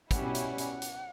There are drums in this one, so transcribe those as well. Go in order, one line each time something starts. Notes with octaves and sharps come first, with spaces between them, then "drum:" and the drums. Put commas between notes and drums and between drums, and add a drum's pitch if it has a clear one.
B2 G3 C#4 E4 F#5, drum: kick, hi-hat
drum: hi-hat
drum: hi-hat
drum: hi-hat